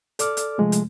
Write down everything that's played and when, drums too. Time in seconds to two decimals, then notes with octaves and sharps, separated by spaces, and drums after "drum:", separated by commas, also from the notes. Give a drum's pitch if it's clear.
0.19 A4 D5 D6 F6, drum: hi-hat
0.37 drum: hi-hat
0.58 C3 F3 G#3 A3
0.72 drum: hi-hat